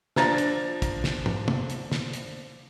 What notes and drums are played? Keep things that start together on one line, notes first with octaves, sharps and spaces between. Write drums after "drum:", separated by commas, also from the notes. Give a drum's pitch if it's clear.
F3 D4 A#5 A6, drum: snare
drum: hi-hat
drum: kick, hi-hat
drum: snare
drum: tom
drum: tom
drum: hi-hat
drum: snare
drum: hi-hat